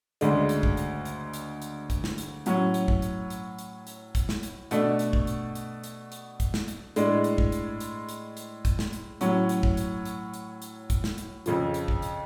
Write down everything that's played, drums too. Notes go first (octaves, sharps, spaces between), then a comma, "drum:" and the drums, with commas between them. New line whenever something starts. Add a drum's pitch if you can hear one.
D2 C#3 G#3 D4, drum: hi-hat
drum: hi-hat
drum: kick
drum: hi-hat
drum: hi-hat
drum: hi-hat
drum: hi-hat
drum: kick, hi-hat
drum: snare
drum: hi-hat
A2 F#3 C#4, drum: hi-hat
drum: hi-hat
drum: kick
drum: hi-hat
drum: hi-hat
drum: hi-hat
drum: hi-hat
drum: kick, hi-hat
drum: snare
drum: hi-hat
B2 A3 D4, drum: hi-hat
drum: hi-hat
drum: kick
drum: hi-hat
drum: hi-hat
drum: hi-hat
drum: hi-hat
drum: kick, hi-hat
drum: snare
drum: hi-hat
A2 G#3 D4, drum: hi-hat
drum: hi-hat
drum: kick
drum: hi-hat
drum: hi-hat
drum: hi-hat
drum: hi-hat
drum: kick, hi-hat
drum: snare
drum: hi-hat
A2 F#3 C#4, drum: hi-hat
drum: hi-hat
drum: kick
drum: hi-hat
drum: hi-hat
drum: hi-hat
drum: hi-hat
drum: kick, hi-hat
drum: snare
drum: hi-hat
F2 C#3 F3, drum: hi-hat
drum: hi-hat
drum: kick
drum: hi-hat